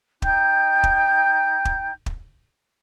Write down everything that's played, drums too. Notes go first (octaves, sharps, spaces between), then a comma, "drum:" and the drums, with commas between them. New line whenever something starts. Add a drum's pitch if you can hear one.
D#4 G5 G6, drum: kick
drum: kick
drum: kick
drum: kick